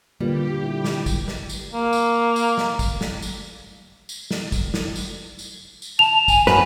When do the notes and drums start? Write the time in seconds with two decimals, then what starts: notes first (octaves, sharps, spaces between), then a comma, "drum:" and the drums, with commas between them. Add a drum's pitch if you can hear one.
0.21 A#2 D3 G3 F4 G4 B4
0.63 E4
0.85 drum: snare
1.06 drum: kick, tambourine
1.28 drum: snare
1.49 drum: tambourine
1.73 A#3
1.93 drum: tambourine
2.36 drum: tambourine
2.58 drum: snare
2.79 drum: kick, tambourine
3.01 drum: snare
3.22 drum: tambourine
4.09 drum: tambourine
4.31 drum: snare
4.52 drum: kick, tambourine
4.74 drum: snare
4.95 drum: tambourine
5.39 drum: tambourine
5.82 drum: tambourine
5.99 A5 F7
6.28 G#5, drum: kick, tambourine
6.47 F#2 B4 G#5, drum: snare